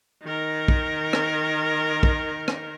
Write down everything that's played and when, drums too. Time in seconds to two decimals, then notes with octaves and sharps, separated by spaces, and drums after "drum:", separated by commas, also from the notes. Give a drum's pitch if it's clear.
0.24 D#3 A#4
0.68 drum: kick
1.13 drum: rim click
2.03 drum: kick
2.48 drum: rim click